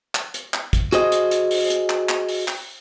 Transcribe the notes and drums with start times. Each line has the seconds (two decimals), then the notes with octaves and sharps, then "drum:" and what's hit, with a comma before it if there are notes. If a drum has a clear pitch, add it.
0.15 drum: clap
0.34 drum: hi-hat
0.54 drum: clap
0.73 drum: kick, hi-hat
0.92 F#4 G#4 C5 D#5, drum: hi-hat
1.12 drum: hi-hat
1.31 drum: hi-hat
1.51 drum: open hi-hat
1.70 drum: hi-hat
1.90 drum: clap
2.09 drum: clap
2.28 drum: open hi-hat
2.48 drum: clap